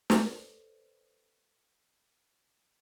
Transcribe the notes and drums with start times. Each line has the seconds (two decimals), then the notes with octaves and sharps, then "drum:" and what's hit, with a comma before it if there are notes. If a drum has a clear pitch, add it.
0.10 G4 A4 B4 C5 D5, drum: snare